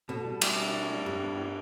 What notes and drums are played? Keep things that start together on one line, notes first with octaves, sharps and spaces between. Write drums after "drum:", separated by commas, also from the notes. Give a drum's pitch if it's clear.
B2 A4
G3
G3, drum: cymbal
D4
D4
G3
G2 G3
B3
G4